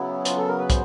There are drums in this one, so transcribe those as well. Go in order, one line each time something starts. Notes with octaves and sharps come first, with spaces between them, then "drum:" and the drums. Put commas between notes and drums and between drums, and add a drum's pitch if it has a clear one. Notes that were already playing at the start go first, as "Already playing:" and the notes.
Already playing: C#3 F#3 B3 E4
F4, drum: hi-hat
A4
A#4
B4
C5, drum: kick, hi-hat